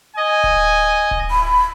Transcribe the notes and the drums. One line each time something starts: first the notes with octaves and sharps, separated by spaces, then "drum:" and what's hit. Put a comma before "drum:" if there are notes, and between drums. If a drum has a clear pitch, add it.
D#5 G#5
drum: kick D1
drum: kick D1
B5